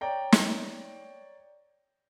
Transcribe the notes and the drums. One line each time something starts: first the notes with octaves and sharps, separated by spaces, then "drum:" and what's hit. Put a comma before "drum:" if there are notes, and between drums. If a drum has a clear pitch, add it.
C#5 D5 G5 A#5
drum: snare